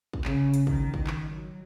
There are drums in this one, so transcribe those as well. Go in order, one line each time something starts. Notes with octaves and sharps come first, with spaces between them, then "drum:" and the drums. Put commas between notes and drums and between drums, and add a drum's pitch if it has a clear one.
drum: kick
C#3, drum: clap
drum: hi-hat
D#3, drum: kick
drum: kick
drum: clap
F#3